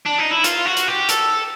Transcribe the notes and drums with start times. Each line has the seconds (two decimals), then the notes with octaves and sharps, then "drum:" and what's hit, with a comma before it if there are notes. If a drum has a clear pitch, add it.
0.06 D4
0.19 D#4
0.32 E4
0.44 F4, drum: hi-hat
0.66 F#4
0.77 drum: hi-hat
0.88 G4
1.09 A4, drum: hi-hat